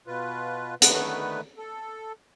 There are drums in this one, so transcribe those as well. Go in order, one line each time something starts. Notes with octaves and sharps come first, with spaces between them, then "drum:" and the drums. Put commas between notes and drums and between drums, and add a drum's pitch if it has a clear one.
B2 F4 B4
D3 D#3 A3 B3 B4, drum: hi-hat
A4